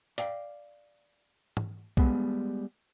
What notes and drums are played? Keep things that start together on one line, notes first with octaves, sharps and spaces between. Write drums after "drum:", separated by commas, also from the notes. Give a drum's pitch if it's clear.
D5 F5 G5, drum: hi-hat
drum: tom G#2
G3 G#3 B3, drum: kick B1